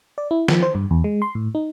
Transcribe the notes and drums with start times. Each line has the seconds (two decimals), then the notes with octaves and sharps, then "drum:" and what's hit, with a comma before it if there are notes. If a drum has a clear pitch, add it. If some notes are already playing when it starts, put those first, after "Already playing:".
0.18 D5
0.31 E4
0.48 F3, drum: snare
0.63 C5
0.75 G2
0.91 E2
1.04 G#3
1.22 C6
1.35 A2
1.55 D#4